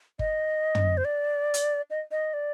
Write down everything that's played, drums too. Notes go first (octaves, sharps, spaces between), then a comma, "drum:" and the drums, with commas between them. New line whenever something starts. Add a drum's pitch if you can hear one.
D#5, drum: kick G1
drum: tom
C5
D5
drum: hi-hat
D#5
D#5
D5